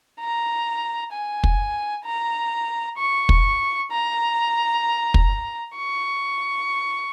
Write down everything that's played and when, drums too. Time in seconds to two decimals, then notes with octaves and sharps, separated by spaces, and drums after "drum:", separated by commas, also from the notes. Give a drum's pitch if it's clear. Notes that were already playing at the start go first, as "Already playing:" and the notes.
0.20 A#5
1.12 G#5
1.44 drum: kick
2.05 A#5
2.98 C#6
3.29 drum: kick
3.91 A#5
5.14 drum: kick
5.76 C#6